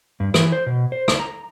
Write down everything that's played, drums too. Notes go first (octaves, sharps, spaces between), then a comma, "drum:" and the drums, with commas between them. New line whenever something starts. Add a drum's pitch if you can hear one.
G2
E3, drum: rim click
C5
B2
C5
drum: rim click
A#5